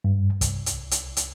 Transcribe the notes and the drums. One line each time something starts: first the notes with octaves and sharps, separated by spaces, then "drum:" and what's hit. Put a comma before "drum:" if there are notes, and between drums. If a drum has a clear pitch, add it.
G2
C2, drum: hi-hat
drum: hi-hat
drum: hi-hat
drum: hi-hat